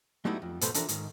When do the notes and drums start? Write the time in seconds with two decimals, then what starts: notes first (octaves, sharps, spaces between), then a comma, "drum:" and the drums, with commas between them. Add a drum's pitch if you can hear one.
0.25 F#3 G3 A3 B3 D#4 E4
0.42 F2
0.61 G#2 B2 A4 B4 C5, drum: hi-hat
0.74 E3 F3 D4 A4 A#4 D5, drum: hi-hat
0.88 G#2 D#3, drum: hi-hat